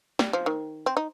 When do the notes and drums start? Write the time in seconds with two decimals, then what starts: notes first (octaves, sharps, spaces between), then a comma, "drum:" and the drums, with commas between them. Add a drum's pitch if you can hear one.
0.19 G3, drum: snare
0.33 F3
0.46 D#3
0.86 C4
0.97 D#4